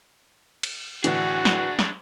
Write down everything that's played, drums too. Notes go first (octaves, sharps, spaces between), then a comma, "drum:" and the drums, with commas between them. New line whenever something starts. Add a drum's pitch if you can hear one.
drum: cymbal
A2 D3 E3 D4 F#4 G#4, drum: hi-hat
drum: snare
drum: snare